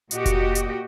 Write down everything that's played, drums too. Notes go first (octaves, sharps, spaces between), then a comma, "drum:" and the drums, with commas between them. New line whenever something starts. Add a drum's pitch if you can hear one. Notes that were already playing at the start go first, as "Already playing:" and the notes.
A#2 F#4 G4 D#5, drum: hi-hat
drum: kick F1, hi-hat
drum: hi-hat